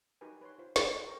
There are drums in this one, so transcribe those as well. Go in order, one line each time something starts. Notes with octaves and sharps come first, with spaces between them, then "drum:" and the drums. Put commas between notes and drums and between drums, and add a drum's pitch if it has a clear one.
D#4 F#4 G4 A#4 B4 G#5
B4 C#5 C6
F4 C5
F4 G4 G#4 D5 F#5 G5, drum: snare
A4 B4 D6
G4 A#4 C5 C#6